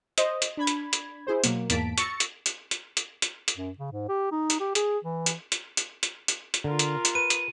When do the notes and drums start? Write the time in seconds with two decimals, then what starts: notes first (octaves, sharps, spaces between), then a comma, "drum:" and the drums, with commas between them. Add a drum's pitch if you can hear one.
0.18 C5 D#5 D#6, drum: hi-hat
0.42 drum: hi-hat
0.57 D4 B5 G#6
0.67 drum: hi-hat
0.93 drum: hi-hat
1.27 E4 G#4 C5
1.44 B2 F#3 A#3, drum: hi-hat
1.70 E2 G#2 A#3 A5 B6 D7, drum: hi-hat
1.98 C#6 E6 A6 A#6 C#7, drum: hi-hat
2.20 drum: hi-hat
2.46 drum: hi-hat
2.71 drum: hi-hat
2.97 drum: hi-hat
3.22 drum: hi-hat
3.48 drum: hi-hat
3.57 F#2
3.79 C#3
3.92 G#2
4.09 G4
4.32 D#4
4.50 drum: hi-hat
4.60 G4
4.75 G#4, drum: hi-hat
5.04 E3
5.26 drum: hi-hat
5.52 drum: hi-hat
5.77 drum: hi-hat
6.03 drum: hi-hat
6.28 drum: hi-hat
6.54 drum: hi-hat
6.64 D3 F4 A#4
6.79 drum: hi-hat
7.05 drum: hi-hat
7.15 B4 D#7
7.30 drum: hi-hat